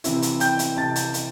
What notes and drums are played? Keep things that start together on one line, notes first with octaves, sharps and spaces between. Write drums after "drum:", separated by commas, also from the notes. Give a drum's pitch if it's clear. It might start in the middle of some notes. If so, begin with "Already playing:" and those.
C3 E3 C4 E4, drum: hi-hat
drum: hi-hat
G5 G6, drum: hi-hat
drum: hi-hat
C3 A5 A6
drum: hi-hat
drum: hi-hat